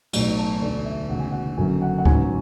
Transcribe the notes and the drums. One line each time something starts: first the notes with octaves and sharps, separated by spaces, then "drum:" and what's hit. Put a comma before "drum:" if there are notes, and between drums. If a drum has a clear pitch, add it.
B1 A2 F#3, drum: cymbal
A5
E1 D2 D3 A3 D5
E5
E1 D2 C#3 F#5
G#5
F#5
F#1 F#2 D3 F#3 C#4 G#5
F#5
F#5
A1 G#2 F#3 C#4 G#5, drum: kick D2